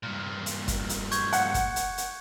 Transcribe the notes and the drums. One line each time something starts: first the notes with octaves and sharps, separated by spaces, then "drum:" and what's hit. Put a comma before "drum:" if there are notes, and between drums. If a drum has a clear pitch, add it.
G2 A#2
drum: hi-hat
drum: kick, hi-hat
drum: hi-hat
C#6 G6 G#6, drum: hi-hat
F#5 C#7, drum: hi-hat
drum: kick, hi-hat
drum: hi-hat
drum: hi-hat